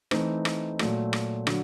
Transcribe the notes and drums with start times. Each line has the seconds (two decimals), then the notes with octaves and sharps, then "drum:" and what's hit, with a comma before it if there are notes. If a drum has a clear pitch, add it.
0.11 E3 A3 C4 D#4, drum: rim click
0.45 drum: rim click
0.79 A#2 F#3 A3, drum: rim click
1.13 drum: rim click
1.47 D3 F#3, drum: rim click